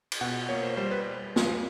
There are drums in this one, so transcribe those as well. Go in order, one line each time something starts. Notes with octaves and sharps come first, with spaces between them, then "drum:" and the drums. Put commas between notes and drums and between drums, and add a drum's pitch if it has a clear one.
drum: cymbal
B2 F#5
A#3 C#5
C5
G3 C5
B4
drum: snare